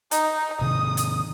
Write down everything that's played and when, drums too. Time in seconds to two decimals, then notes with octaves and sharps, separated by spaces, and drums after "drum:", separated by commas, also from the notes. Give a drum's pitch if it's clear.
0.11 D#4, drum: hi-hat
0.61 C3 D#3 D#6
0.97 drum: hi-hat